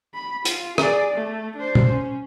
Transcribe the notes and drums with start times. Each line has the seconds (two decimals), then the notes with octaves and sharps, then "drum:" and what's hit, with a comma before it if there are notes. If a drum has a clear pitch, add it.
0.14 B5
0.45 F4, drum: hi-hat
0.78 G#4 D5, drum: rim click
1.14 A3
1.56 D4 C5
1.75 drum: tom
1.89 C#4